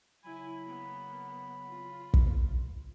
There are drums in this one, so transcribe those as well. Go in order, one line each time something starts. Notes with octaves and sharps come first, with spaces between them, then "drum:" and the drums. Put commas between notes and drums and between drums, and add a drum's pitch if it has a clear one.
C#3 F#3 E4 G#5 B5
A#3 B3
F4
drum: kick